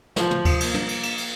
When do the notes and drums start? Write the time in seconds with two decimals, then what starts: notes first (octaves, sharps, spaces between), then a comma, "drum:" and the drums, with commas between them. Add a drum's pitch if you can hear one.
0.16 F3, drum: snare
0.31 drum: tom
0.45 drum: kick D2, cymbal
0.60 A#3, drum: cymbal
0.74 drum: tom
0.89 drum: cymbal
1.03 drum: cymbal
1.18 drum: cymbal